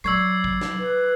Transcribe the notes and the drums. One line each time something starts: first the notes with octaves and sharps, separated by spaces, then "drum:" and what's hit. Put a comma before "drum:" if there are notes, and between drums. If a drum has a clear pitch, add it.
A#2 F#3 C#5 D5 B5 E6 G#6 C7
drum: kick
drum: snare
B4